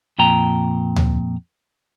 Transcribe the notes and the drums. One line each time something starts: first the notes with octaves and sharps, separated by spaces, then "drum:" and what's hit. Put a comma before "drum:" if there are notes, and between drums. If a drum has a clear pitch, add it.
F2 A#2 G5 A#5
drum: tom D2